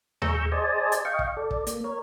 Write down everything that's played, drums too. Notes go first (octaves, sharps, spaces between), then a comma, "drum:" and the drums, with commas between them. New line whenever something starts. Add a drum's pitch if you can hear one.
G#4 A#5 C#6 E6 G6, drum: tom D#2
G#4 C5 D5 D#5 G#5 A5
drum: hi-hat
D#5 F5 G5 C#6
drum: kick
A4 D5
drum: kick
A#3, drum: hi-hat
A#4 C#5